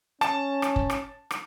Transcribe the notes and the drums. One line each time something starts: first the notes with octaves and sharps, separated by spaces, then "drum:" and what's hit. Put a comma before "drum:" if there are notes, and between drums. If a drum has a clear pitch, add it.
C#4 A5, drum: rim click
drum: rim click
drum: kick
drum: rim click
drum: rim click